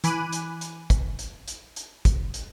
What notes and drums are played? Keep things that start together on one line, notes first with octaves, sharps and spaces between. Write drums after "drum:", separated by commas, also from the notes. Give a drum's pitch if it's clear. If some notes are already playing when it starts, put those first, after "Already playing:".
E3 G#5 B5 D6 F#6 D#7, drum: hi-hat
drum: hi-hat
drum: hi-hat
drum: kick, hi-hat
drum: hi-hat
drum: hi-hat
drum: hi-hat
drum: kick, hi-hat
drum: hi-hat